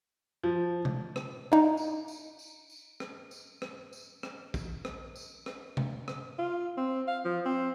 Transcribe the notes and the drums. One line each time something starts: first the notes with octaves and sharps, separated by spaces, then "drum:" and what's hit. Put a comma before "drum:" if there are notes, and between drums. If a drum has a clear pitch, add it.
F3
drum: tom C3
drum: rim click
D4 D#4
drum: tambourine
drum: tambourine
drum: tambourine
drum: tambourine
drum: rim click
drum: tambourine
drum: rim click
drum: tambourine
drum: rim click
drum: kick, tambourine
drum: rim click
drum: tambourine
drum: rim click
drum: tom C3
drum: rim click
F4
C4
F5
F3
C4